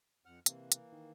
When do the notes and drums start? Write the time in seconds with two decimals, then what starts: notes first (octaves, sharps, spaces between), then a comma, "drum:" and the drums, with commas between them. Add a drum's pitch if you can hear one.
0.26 F2 F#5 F6
0.46 C3 E3 A#3, drum: hi-hat
0.72 drum: hi-hat
0.93 D#3